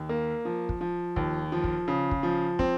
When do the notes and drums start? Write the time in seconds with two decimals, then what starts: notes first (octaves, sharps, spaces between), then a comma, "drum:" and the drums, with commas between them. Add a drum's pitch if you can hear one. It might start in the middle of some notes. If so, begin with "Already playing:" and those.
Already playing: D#2
0.09 A#3
0.45 F3
0.69 drum: kick
0.81 F3
1.16 D#2, drum: kick
1.52 F3
1.64 drum: kick
1.88 C#3
2.11 drum: kick
2.23 F3
2.59 C4, drum: kick